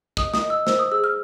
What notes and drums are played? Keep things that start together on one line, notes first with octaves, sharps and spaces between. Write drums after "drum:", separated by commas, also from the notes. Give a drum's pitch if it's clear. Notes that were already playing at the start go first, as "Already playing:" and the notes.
D#5 D#6, drum: kick
D#6, drum: snare
D#5
E6
C5 E6, drum: snare
D#6
G#4 E6
F6